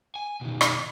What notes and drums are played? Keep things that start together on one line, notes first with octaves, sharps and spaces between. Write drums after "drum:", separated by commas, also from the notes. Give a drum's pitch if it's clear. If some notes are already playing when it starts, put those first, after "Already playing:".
G#5
B2 D#3
drum: rim click